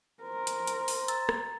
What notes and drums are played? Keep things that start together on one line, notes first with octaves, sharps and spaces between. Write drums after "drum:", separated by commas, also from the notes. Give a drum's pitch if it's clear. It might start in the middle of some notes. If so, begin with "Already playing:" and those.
A#4 C5
drum: hi-hat
drum: hi-hat
drum: open hi-hat
A#5 E6 A6, drum: hi-hat
drum: rim click